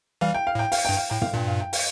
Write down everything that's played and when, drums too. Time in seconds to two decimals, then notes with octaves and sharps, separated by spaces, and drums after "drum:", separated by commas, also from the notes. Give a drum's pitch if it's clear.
0.21 E3 G3 F5
0.35 G5
0.47 F5
0.55 A2 G5
0.72 F5, drum: open hi-hat
0.85 G2 G5
0.97 F5
1.10 A2 G5
1.22 F5, drum: tom
1.33 G2 A#2 G5
1.47 F5
1.60 G5
1.73 F5, drum: open hi-hat